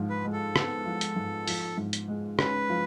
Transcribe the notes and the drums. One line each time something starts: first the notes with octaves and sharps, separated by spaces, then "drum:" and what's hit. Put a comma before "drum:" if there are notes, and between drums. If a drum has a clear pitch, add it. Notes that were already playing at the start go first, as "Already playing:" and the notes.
Already playing: G#2 F3
B4
G#3
A4
B3, drum: rim click
F3
drum: hi-hat
G#2
F3, drum: open hi-hat
G#2
drum: hi-hat
G#3
C#4 B4, drum: rim click
F3